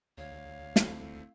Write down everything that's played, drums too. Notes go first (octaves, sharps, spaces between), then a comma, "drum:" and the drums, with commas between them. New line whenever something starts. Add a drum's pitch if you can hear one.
D2 C#5 F5
A3 C4 E4, drum: snare